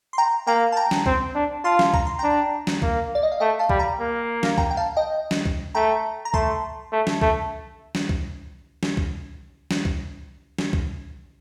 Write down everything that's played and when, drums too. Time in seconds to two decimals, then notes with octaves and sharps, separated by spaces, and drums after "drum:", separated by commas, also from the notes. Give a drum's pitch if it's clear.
0.13 C6
0.18 G5 A#5
0.47 A#3 G5 A#5
0.72 A5
0.76 G5 A#5
0.91 drum: snare
1.06 C4, drum: kick
1.35 D4
1.64 F4 A5 C6
1.79 drum: snare
1.94 A#5, drum: kick
2.07 C6
2.19 D4 G5 A#5
2.67 drum: snare
2.82 A#3, drum: kick
3.15 D5
3.23 D#5
3.32 F5
3.40 A3 D#5 G5
3.59 F5 A5
3.70 G3, drum: kick
3.79 G5 A#5
4.00 A#3
4.43 drum: snare
4.58 G5 A#5, drum: kick
4.71 G5
4.77 F5 A5
4.96 D#5 G5
5.31 drum: snare
5.46 drum: kick
5.75 A3 G5 A#5
6.25 A#5
6.34 A3 A5 C6, drum: kick
6.92 A3
7.07 drum: snare
7.21 A3, drum: kick
7.95 drum: snare
8.09 drum: kick
8.83 drum: snare
8.97 drum: kick
9.71 drum: snare
9.85 drum: kick
10.58 drum: snare
10.73 drum: kick